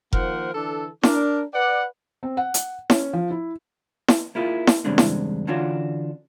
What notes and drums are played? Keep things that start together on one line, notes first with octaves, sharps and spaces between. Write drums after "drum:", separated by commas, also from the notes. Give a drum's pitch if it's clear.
D#3 F3 A#3 A#4 C5 F#5, drum: kick F1
D3 E3 D4 A4
D4 A#4, drum: snare E4
B4 D5 F#5
C4
F#5
drum: hi-hat
C#4, drum: snare E4
F3
E4
drum: snare E4
A#3 E4 F4 G#4
drum: snare E4
E2 G2 C#3 G#3 C4 D4
drum: snare E4
D3 E3 C#4 D4 F4 F#4